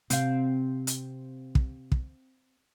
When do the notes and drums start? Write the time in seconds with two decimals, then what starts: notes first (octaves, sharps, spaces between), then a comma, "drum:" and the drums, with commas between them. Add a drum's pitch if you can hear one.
0.10 C3 C4 F5, drum: hi-hat
0.87 drum: hi-hat
1.55 drum: kick
1.92 drum: kick